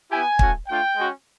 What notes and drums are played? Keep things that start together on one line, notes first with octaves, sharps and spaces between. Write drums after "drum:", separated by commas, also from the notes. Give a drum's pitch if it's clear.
B3 E4 G4 G#5
A3 C#4 F#4, drum: kick
A3 D4 F4 G5
G#3 C#4 F#4